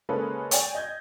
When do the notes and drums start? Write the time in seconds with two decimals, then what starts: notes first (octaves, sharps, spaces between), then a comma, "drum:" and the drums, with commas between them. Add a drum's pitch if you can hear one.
0.09 C#3 G#3 A#3 C#4 A4 B4
0.51 C#5 D5 G5 G#5 A6, drum: hi-hat
0.75 D#5 G6 G#6